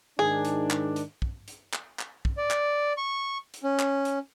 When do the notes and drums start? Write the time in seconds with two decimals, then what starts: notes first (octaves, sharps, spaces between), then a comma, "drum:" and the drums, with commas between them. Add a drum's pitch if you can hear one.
0.19 G#2 D#3 D4 G#4
0.45 drum: hi-hat
0.70 drum: clap
0.96 drum: hi-hat
1.22 drum: kick
1.48 drum: hi-hat
1.73 drum: clap
1.99 drum: clap
2.25 drum: kick
2.37 D5
2.51 drum: clap
2.97 C#6
3.54 drum: hi-hat
3.63 C#4
3.79 drum: clap
4.05 drum: hi-hat